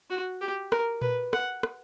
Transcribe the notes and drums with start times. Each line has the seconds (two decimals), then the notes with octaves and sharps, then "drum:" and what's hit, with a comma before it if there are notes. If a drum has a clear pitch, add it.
0.10 F#4
0.41 G4
0.72 A#4, drum: rim click
1.02 B4, drum: tom A#2
1.33 F#5, drum: rim click
1.63 drum: rim click